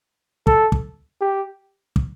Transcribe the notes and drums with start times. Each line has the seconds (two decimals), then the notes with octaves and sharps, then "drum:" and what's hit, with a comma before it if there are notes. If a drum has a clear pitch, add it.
0.47 A4, drum: kick
0.72 drum: kick
1.21 G4
1.96 drum: kick